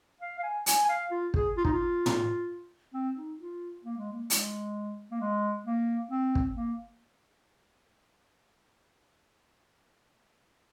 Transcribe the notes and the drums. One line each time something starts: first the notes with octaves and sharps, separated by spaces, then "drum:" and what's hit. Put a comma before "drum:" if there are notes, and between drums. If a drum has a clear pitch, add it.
F5
F5
G#5
G#5, drum: hi-hat
G#5
F5
F4
G#4, drum: kick
F4
D#4, drum: kick
F4
drum: tom
C4
D#4
F4
A#3
G#3
A#3
G#3, drum: hi-hat
A#3
G#3
A#3
C4
drum: kick
A#3